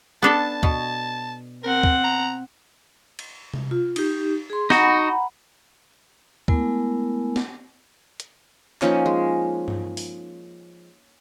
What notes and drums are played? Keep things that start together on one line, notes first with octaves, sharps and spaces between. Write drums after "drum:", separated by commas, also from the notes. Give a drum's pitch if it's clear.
B3 D4 A4 A5
B2, drum: kick D2
C4 A#4 F#5
drum: kick D2
A#5
drum: cymbal
drum: tom C3
F4
D#4 G4, drum: cymbal
G#4 C6
D#4 F#4 F#5 A#5 B5, drum: snare
G#3 A3 B3 E4 A#4 G#5, drum: kick D2
drum: snare
drum: hi-hat
F3 A#3 C#4 D#4, drum: clap
G#3
drum: tom G2
drum: open hi-hat